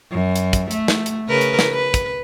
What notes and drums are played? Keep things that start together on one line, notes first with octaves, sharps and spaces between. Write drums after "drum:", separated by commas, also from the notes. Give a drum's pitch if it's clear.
F#2
drum: hi-hat
drum: kick, hi-hat
A3, drum: hi-hat
drum: snare
drum: hi-hat
C#3 A#4 B4
drum: hi-hat
drum: snare
B4
drum: kick, hi-hat